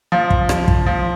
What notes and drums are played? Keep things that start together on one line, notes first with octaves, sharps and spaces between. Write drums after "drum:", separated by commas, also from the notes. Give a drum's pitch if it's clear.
F3
drum: kick
drum: rim click
drum: kick
F3